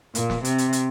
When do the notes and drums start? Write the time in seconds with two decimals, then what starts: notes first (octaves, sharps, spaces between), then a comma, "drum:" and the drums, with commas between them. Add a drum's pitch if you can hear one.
0.15 A#2, drum: hi-hat
0.30 drum: snare
0.45 C3, drum: hi-hat
0.58 drum: hi-hat
0.73 drum: hi-hat